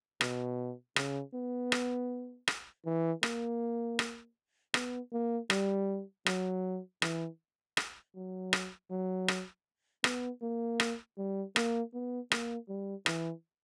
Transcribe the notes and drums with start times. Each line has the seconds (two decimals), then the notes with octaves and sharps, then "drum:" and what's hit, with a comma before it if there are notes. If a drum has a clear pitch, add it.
0.21 B2, drum: rim click
0.96 C#3, drum: rim click
1.34 B3
1.72 drum: rim click
2.48 drum: rim click
2.86 E3
3.23 A#3, drum: rim click
3.99 drum: rim click
4.74 B3, drum: rim click
5.13 A#3
5.50 G3, drum: rim click
6.26 F#3, drum: rim click
7.02 E3, drum: rim click
7.77 drum: rim click
8.15 F#3
8.53 drum: rim click
8.91 F#3
9.28 drum: rim click
10.04 B3, drum: rim click
10.42 A#3
10.80 drum: rim click
11.18 G3
11.56 A#3, drum: rim click
11.94 B3
12.32 A#3, drum: rim click
12.69 G3
13.06 E3, drum: rim click